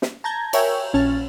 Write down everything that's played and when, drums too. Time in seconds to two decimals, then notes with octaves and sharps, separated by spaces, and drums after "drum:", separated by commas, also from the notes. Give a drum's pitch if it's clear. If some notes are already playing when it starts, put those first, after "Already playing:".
0.02 drum: snare
0.24 A5 A#5 G6 G#6
0.53 A#4 C#5 E5 G5 G#5, drum: cymbal
0.93 A#1 C#4 A5 F6